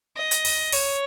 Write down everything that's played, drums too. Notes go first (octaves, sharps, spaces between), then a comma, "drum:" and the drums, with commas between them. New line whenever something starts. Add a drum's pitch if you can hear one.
D#5
drum: hi-hat
drum: open hi-hat
C#5, drum: open hi-hat